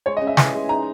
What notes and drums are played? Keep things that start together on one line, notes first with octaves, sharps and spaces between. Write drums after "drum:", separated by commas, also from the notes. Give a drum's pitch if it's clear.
G#3 C#5
D#5
C#3
E5
E3 G#5, drum: snare
G#3
D#4 A#5